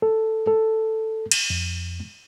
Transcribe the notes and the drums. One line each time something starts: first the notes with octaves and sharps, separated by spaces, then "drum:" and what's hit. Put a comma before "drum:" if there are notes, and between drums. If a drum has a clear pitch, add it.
A4
A4
drum: cymbal
F2